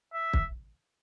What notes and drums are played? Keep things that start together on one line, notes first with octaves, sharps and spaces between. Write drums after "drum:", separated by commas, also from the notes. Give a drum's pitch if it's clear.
E5
drum: kick